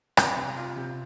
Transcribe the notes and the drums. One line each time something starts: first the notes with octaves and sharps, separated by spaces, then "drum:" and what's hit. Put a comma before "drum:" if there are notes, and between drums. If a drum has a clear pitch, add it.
C4, drum: rim click
C3
F4
C3